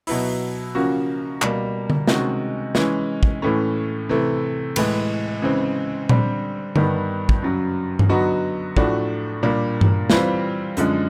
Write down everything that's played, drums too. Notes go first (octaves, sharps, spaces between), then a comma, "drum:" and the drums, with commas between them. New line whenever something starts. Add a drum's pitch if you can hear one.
B2 F#3 B3 E4, drum: open hi-hat
C#3 F3 A#3 C#4 F#4
B2 G3 A#3, drum: clap
drum: tom D3
C3 D#3 G#3 C#4 F#4, drum: snare
E3 G#3 C#4, drum: snare
drum: kick
A2 E3 A3 C#4
C3 E3 A3
A2 E3 G#3, drum: cymbal
C#3 E3 G#3 C4
D3 G3 C4, drum: tom A#2
G2 D#3 G3 B3, drum: tom D3
drum: kick
F#2 C#3 F#3
drum: tom G2
D3 F#3 B3 D#4 F#4
A2 F3 A3 D4 F#4, drum: kick
A#2 G3 A#3 D4
drum: tom G2
E3 G3 C4 F4, drum: snare
F#2 D3 F3 G#3, drum: hi-hat